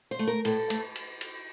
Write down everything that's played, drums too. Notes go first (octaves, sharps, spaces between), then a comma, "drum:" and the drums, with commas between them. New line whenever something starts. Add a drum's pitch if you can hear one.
C5
A3
A#4
A2 A4, drum: cymbal
A3, drum: cymbal
drum: cymbal
drum: cymbal